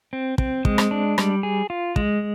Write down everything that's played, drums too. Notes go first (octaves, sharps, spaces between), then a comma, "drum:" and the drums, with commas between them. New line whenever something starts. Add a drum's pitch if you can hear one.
C4
C4, drum: kick
G#3, drum: kick
drum: rim click
D4
G3, drum: rim click
G#4
F4
G#3, drum: kick